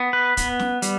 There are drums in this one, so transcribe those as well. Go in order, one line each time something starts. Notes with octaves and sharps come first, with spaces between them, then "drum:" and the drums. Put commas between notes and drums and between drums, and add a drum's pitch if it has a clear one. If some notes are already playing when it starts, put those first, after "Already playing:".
Already playing: B3
B4
B3, drum: kick, hi-hat
drum: snare
G3, drum: hi-hat